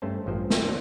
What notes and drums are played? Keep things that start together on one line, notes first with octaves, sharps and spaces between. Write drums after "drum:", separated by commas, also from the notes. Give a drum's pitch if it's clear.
G2 A3 C#4 C5 A5
A1 G2 F3 C5
D4 C5, drum: snare
D3 F#3